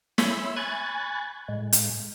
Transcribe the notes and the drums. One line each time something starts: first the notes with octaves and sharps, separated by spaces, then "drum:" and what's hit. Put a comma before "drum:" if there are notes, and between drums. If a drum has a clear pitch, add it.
C#5 E5 B5 C6 E6, drum: snare
G#5 B5 C#6 F#6 G#6 A6
A2 G#3
drum: hi-hat